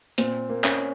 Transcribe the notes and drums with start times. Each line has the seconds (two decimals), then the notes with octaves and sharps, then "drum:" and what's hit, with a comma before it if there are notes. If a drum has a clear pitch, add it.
0.18 A#2 C4, drum: hi-hat
0.49 A#3
0.64 C#4, drum: clap